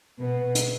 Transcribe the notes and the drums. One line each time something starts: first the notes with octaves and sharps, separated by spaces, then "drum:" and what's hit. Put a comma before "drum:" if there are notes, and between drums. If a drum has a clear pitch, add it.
B2 B3
drum: hi-hat